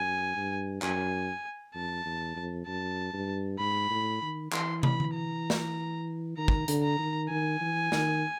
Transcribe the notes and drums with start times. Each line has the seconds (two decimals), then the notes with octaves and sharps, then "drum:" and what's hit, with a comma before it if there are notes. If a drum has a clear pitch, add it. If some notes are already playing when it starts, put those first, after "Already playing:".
Already playing: F#2 G#5
0.36 G2
0.82 F#2 G#5, drum: clap
1.75 F2 A5
2.05 E2
2.36 F2
2.67 F#2 A5
3.14 G2
3.60 G#2 B5
3.90 A2
4.22 D#3
4.52 E3 C6, drum: clap
4.83 B5, drum: tom
5.00 drum: tom D3
5.13 A#5
5.50 drum: snare
6.38 D#3 A#5
6.48 drum: kick
6.68 D3, drum: hi-hat
6.83 A#5
6.99 D#3
7.30 D#3 G#5
7.61 E3
7.92 D#3, drum: snare